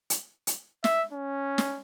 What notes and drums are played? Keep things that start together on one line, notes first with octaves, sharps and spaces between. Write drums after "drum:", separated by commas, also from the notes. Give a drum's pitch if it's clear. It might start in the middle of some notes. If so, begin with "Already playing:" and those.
drum: hi-hat
drum: hi-hat
E5, drum: snare
C#4
drum: snare